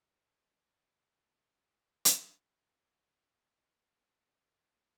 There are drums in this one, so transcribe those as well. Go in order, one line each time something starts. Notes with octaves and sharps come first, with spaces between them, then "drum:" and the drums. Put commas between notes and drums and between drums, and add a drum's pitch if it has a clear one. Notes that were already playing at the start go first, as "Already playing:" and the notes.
D5
E5
D5
E5
drum: hi-hat
C5
A4